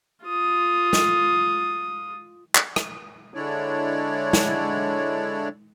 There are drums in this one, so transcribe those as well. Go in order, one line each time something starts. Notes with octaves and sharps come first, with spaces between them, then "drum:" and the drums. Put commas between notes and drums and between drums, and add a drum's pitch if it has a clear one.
F4 D#6
drum: snare
drum: clap
drum: rim click
D3 G#3 D4 E4 C#5 D5
drum: snare